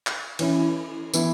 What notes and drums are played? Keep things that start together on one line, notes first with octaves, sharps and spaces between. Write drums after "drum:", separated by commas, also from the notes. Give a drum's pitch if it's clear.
drum: clap
E3 C#4 E4, drum: cymbal
E3 B3 E4, drum: tambourine